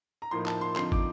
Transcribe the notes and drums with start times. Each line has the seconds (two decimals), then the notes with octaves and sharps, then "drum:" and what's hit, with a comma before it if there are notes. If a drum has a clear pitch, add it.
0.22 A#5
0.31 A2 F3 A#3 D#4 C6
0.46 A5, drum: clap
0.61 C6
0.76 D3 F3 C4 D#4 C6, drum: clap
0.92 D6, drum: kick